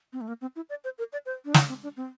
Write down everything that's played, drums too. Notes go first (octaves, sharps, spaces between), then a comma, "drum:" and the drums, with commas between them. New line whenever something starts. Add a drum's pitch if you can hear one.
C4
A3
A#3
C4
E4
D5
C5
A#4
D5
C5
D4
E4, drum: snare
C4
D4
C4